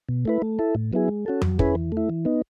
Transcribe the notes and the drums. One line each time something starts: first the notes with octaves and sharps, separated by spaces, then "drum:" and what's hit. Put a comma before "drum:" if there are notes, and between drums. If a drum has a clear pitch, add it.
B2
A3 E4 B4
A3
E4 A4
A2
F#3 B3 E4 G#4
G#3
C#4 F#4 A4
F#3, drum: tom F2
C#4 E4 G#4 B4, drum: kick
E3
A3 E4
E3
B3 D#4